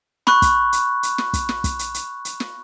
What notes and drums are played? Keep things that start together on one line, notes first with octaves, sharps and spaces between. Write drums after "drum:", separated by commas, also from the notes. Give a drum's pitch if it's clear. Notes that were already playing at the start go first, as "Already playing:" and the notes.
B5 C#6 F#6, drum: snare
drum: kick, hi-hat
drum: hi-hat
drum: hi-hat
drum: snare
drum: kick, hi-hat
drum: snare
drum: kick, hi-hat
drum: hi-hat
drum: hi-hat
drum: hi-hat
drum: snare